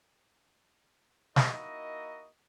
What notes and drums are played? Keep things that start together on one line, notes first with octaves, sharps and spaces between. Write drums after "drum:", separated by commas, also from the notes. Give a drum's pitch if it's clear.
A#3 D#4 E4 F#4 A#4 D#5, drum: snare